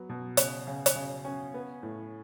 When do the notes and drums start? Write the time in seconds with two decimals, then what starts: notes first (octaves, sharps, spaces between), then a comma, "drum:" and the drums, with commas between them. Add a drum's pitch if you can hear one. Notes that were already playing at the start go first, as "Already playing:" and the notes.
Already playing: F#3 B3
0.09 B2
0.37 C#3, drum: hi-hat
0.67 C#3
0.86 drum: hi-hat
0.96 C#3
1.25 C#4
1.54 B3
1.83 A2